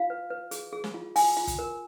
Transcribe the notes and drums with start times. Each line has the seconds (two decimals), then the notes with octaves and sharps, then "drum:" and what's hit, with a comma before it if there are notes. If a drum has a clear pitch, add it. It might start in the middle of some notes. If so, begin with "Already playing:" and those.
Already playing: F4 F5
0.10 B4
0.30 B4
0.51 G#4, drum: hi-hat
0.73 G#4
0.84 drum: snare
0.94 F4
1.16 F4 G#5, drum: open hi-hat
1.37 F4
1.47 drum: kick, hi-hat
1.59 A#4